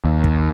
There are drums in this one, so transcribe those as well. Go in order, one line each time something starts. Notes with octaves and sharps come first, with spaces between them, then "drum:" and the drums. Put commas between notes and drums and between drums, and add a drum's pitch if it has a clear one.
D#2
drum: kick